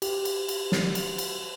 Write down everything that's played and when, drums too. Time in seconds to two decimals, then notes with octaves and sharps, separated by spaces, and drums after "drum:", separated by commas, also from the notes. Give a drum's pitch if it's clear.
0.02 G4, drum: cymbal
0.25 drum: cymbal
0.49 drum: cymbal
0.72 drum: snare
0.95 drum: cymbal
1.18 drum: cymbal